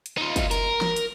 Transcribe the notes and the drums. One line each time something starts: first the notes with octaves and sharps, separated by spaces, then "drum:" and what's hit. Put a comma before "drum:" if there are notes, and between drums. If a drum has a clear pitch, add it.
drum: hi-hat
D#4 F4
drum: kick, hi-hat
A#4, drum: hi-hat
drum: snare
drum: hi-hat